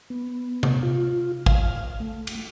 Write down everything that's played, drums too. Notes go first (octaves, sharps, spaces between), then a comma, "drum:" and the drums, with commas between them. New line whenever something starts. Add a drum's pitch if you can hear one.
B3
drum: tom C3
F4
F5, drum: kick
A3
drum: cymbal